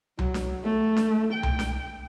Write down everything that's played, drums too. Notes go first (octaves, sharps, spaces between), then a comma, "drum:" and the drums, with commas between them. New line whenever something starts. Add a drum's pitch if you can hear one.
F#3, drum: tom C2
drum: snare D4
A3
drum: snare D4
G5
drum: tom C2
drum: snare D4